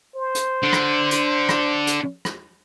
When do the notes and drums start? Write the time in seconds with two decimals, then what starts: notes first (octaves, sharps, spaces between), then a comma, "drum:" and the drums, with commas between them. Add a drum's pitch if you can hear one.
0.16 C5
0.35 drum: hi-hat
0.62 D3
0.73 drum: rim click
1.11 drum: hi-hat
1.49 drum: rim click
1.87 drum: hi-hat
2.25 drum: rim click